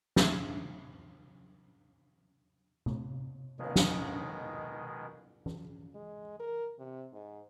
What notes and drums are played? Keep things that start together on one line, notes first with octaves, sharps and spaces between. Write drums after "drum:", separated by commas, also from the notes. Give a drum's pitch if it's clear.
G3 A3 C4 D4 G#4 E5, drum: snare
drum: tom C3
B2 D#3 G#3, drum: cymbal
drum: snare
drum: tom E3
G#3
A#4
C3
G#2